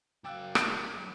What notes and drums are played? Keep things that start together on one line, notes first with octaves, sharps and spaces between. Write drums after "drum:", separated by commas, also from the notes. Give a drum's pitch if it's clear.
F#2 F#3 F5 G5 A5 D6 E6 F#6
drum: rim click